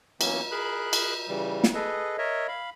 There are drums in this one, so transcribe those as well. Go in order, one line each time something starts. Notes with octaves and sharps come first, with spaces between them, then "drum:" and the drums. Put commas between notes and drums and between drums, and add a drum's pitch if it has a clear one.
E3 F#3 A#3 B3 C#4, drum: cymbal
G#4 A#4 B5 F#6
drum: cymbal
C#3 E3 G3
drum: snare
G#4 A4 B4 D#5
A#4 C#5 D#5 E5
F5 B5